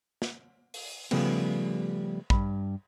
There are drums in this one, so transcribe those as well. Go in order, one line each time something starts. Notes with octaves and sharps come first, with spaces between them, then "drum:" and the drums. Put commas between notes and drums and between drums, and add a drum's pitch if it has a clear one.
drum: snare
drum: open hi-hat
C#3 F3 G3 A3 B3 G4, drum: cymbal
G2 B5, drum: kick